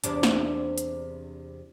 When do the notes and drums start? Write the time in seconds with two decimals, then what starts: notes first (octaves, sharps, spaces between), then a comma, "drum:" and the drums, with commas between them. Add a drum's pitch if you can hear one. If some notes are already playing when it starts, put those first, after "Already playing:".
0.04 E2 C3 D4, drum: hi-hat
0.23 drum: snare
0.78 drum: hi-hat